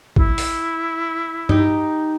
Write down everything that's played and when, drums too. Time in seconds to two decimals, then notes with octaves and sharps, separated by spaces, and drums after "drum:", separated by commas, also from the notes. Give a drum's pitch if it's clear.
0.16 E4, drum: kick
0.38 drum: open hi-hat
1.49 D#4 G4, drum: tom G2